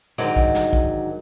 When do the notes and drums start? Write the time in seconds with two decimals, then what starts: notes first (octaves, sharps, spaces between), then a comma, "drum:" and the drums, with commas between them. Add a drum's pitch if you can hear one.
0.18 G#2 D3 D#3 F#3
0.36 drum: kick
0.55 drum: snare
0.73 drum: kick